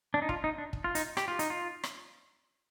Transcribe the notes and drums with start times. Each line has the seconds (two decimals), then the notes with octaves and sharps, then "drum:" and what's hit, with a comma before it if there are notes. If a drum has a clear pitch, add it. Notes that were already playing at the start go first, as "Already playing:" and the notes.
0.14 D4
0.22 D#4
0.29 F4, drum: kick
0.44 D#4
0.58 D4
0.73 drum: kick
0.84 F4
0.95 D#4, drum: hi-hat
1.17 G4, drum: rim click
1.28 F4
1.39 D#4, drum: hi-hat
1.50 F4
1.83 drum: rim click